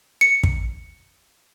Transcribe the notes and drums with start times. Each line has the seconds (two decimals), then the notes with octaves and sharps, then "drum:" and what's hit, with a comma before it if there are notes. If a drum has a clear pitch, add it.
0.21 C#7
0.44 drum: kick